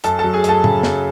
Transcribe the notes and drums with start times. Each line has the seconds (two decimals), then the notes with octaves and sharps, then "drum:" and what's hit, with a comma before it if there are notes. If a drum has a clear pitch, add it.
0.04 F#2 A4 A5, drum: hi-hat
0.19 F#3 A4 A5
0.33 G#4 G#5
0.44 F#2 A4 A5, drum: hi-hat
0.64 C#3, drum: tom A2
0.83 F#2, drum: snare